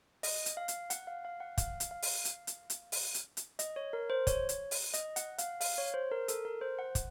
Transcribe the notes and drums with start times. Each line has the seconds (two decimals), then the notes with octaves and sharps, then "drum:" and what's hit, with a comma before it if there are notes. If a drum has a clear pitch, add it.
0.23 D#5, drum: open hi-hat
0.46 drum: hi-hat
0.57 F5
0.68 drum: hi-hat
0.90 F#5, drum: hi-hat
1.07 F5
1.25 F5
1.40 F#5
1.58 F5, drum: kick, hi-hat
1.80 drum: hi-hat
1.91 F5
2.02 drum: open hi-hat
2.25 drum: hi-hat
2.47 drum: hi-hat
2.70 drum: hi-hat
2.92 drum: open hi-hat
3.14 drum: hi-hat
3.37 drum: hi-hat
3.59 D#5, drum: hi-hat
3.76 C#5
3.93 A#4
4.10 C5
4.27 C#5, drum: kick, hi-hat
4.49 drum: hi-hat
4.71 drum: open hi-hat
4.94 D#5, drum: hi-hat
5.16 F#5, drum: hi-hat
5.38 F5, drum: hi-hat
5.61 F5, drum: open hi-hat
5.78 C#5
5.94 C5
6.11 A#4
6.28 A4, drum: hi-hat
6.45 A#4
6.61 C5
6.79 F#5
6.95 drum: kick, hi-hat